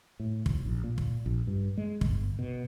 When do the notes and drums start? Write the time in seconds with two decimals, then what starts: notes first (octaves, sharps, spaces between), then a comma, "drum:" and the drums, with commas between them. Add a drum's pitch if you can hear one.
0.20 A2
0.46 B1, drum: kick
0.66 A#1
0.84 A#2
0.98 drum: kick
1.26 A#1
1.47 G2
1.77 G#3
2.01 G1, drum: kick
2.39 B2